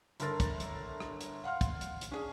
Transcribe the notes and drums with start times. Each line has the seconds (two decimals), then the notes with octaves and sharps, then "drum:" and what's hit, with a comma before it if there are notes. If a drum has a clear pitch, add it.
0.20 G1 D3 A4 A#4 C6 A6, drum: hi-hat
0.40 drum: kick, hi-hat
0.60 drum: hi-hat
1.00 drum: rim click
1.21 drum: hi-hat
1.44 F5 F#5 C6 F6
1.61 drum: kick, hi-hat
1.81 drum: hi-hat
2.01 drum: hi-hat
2.11 C#4 D4 G#4